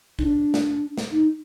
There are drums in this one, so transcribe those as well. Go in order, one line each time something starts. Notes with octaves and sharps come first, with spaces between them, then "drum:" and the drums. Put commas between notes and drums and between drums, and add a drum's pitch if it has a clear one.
D#4, drum: kick A1
D4
drum: snare
drum: snare
D#4